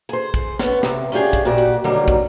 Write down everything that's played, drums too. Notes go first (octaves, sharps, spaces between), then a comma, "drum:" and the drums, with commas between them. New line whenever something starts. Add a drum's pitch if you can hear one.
G#4 C5, drum: hi-hat
drum: kick, hi-hat
B3 C#4, drum: snare
C3, drum: snare
C#4 D4 F4 G4 G#4
drum: kick, hi-hat
A#2 F#4 G4
drum: hi-hat
B2 D3 D#3 F#3 G3 A#3
drum: kick, hi-hat